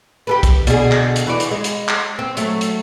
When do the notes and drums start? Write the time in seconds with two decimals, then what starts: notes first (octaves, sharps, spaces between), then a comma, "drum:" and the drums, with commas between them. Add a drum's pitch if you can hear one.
0.27 G4 A4 B4
0.43 drum: kick, hi-hat
0.67 B2 D3 G#4, drum: hi-hat
0.92 drum: clap
1.16 drum: hi-hat
1.27 E3 F#4 D5
1.40 drum: hi-hat
1.51 G#3
1.64 drum: hi-hat
1.88 drum: clap
2.19 C4
2.37 F#3 A3, drum: hi-hat
2.61 drum: hi-hat